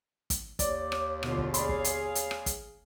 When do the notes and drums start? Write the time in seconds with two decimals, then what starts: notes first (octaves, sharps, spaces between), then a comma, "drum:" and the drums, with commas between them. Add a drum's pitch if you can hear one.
0.30 drum: kick, hi-hat
0.59 D#2 C#5 D5 D6, drum: kick, hi-hat
0.92 drum: rim click
1.23 B2 D3 F4, drum: rim click
1.38 drum: kick
1.54 G#4 C#5 D5 F5 B5 C6, drum: hi-hat
1.69 drum: kick
1.84 drum: hi-hat
2.15 drum: hi-hat
2.31 drum: rim click
2.46 drum: kick, hi-hat